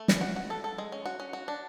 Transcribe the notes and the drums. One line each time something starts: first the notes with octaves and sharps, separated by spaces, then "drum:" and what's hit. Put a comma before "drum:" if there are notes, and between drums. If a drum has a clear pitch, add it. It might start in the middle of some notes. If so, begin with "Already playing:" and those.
Already playing: A3
E3, drum: snare
F#4
F#4
A4
A4
G#3
C#4
F#4
C#4
F#4
D4